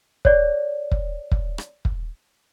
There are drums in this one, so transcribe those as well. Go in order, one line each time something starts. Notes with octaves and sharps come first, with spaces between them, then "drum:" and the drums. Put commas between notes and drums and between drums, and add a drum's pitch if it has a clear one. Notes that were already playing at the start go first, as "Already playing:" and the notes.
C#5 D5, drum: kick
drum: kick
drum: kick
drum: rim click
drum: kick